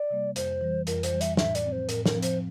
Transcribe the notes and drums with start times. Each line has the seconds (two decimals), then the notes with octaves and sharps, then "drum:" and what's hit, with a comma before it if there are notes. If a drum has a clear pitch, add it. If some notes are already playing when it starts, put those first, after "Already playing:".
Already playing: D5
0.10 C3 G3 A#3
0.36 F2 C5, drum: hi-hat
0.61 E3 G3
0.87 F2 A#4, drum: hi-hat
1.03 C5, drum: hi-hat
1.12 E3 G3
1.21 E5, drum: hi-hat
1.37 A2 E5, drum: snare
1.55 D5, drum: hi-hat
1.64 F3 C4
1.72 C5
1.89 A2 A#4, drum: hi-hat
2.06 A#4, drum: snare
2.15 F3 C4
2.22 C5, drum: hi-hat